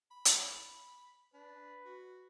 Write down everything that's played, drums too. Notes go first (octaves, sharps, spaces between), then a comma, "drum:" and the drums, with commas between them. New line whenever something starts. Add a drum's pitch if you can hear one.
B5
drum: hi-hat
D4 B4
F#4